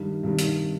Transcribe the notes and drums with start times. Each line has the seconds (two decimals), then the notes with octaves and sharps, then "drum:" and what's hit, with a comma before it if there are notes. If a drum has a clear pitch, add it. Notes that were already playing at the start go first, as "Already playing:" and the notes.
Already playing: G2 D#3 G3
0.23 G2 D#3 G3
0.39 drum: hi-hat